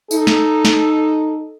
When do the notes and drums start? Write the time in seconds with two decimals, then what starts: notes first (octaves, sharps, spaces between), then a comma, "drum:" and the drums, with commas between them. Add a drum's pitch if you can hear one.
0.11 D#4 A4, drum: tambourine
0.27 drum: snare
0.65 drum: snare